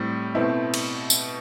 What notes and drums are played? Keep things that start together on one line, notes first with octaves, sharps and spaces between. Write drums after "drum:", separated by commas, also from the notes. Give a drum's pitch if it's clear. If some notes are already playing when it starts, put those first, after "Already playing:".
Already playing: A2 G3 C4
B2 A3 C4 E4
drum: cymbal
drum: tambourine